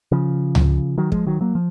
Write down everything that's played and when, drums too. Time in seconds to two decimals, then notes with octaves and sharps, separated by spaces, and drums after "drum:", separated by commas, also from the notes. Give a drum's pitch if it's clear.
0.12 C#3 F3
0.55 drum: tom C#2
0.98 D#3 F#3
1.12 F3 G#3, drum: kick
1.27 D#3 F#3
1.41 F#3 A#3
1.55 F3